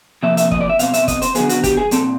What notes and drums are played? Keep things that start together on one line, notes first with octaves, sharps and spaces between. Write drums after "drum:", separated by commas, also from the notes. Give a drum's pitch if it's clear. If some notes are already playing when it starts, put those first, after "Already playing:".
C3 F3 A#3 E5
E5, drum: hi-hat
D#5, drum: kick
D5
E5
B2 G3 C4 F5, drum: hi-hat
E5, drum: hi-hat
D#5, drum: kick, hi-hat
C5, drum: hi-hat
D3 F#3 B3 G#4, drum: hi-hat
F#4, drum: hi-hat
G4, drum: kick, hi-hat
G#4
A#2 G3 C4 A4, drum: hi-hat